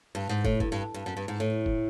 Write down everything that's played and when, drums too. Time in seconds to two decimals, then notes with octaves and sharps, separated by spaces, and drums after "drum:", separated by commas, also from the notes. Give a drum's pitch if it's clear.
0.15 G2
0.29 G#2
0.45 A2, drum: kick
0.60 G2, drum: kick
0.72 G2
0.94 G2
1.06 F#2
1.17 G2
1.28 G#2
1.40 A2
1.66 drum: kick